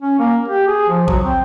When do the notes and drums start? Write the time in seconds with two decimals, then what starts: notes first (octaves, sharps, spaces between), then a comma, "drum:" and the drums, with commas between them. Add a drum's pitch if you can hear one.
0.02 C#4
0.19 A#3
0.48 G4
0.67 G#4
0.89 F3
1.08 F#3, drum: kick
1.23 C4